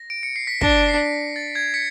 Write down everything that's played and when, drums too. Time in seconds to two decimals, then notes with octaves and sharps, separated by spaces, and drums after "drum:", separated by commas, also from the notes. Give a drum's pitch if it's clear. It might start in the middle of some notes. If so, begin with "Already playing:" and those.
Already playing: A#6
0.10 D7
0.23 C#7
0.36 C7
0.47 B6
0.61 D4 A#6, drum: kick
0.89 C7
1.36 A6
1.55 G#6
1.74 B6 C#7